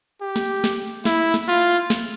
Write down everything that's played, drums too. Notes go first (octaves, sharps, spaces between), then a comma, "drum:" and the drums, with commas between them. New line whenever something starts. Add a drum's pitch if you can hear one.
G4
drum: snare
drum: snare
E4, drum: snare
drum: snare
F4
drum: snare